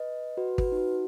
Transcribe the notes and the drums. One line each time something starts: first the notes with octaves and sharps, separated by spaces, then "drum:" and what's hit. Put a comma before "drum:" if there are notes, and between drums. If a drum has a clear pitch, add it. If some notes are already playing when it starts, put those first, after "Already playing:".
Already playing: B4 D#5
F#4 B4
F#4 B4, drum: kick
D#4
F#4